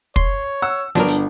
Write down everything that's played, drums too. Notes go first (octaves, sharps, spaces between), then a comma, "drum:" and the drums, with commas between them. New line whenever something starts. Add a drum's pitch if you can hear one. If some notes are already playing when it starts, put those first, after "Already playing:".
C#5 C6, drum: kick
F#5 E6
G1 F3 F#3 B3 D4 A#4
drum: hi-hat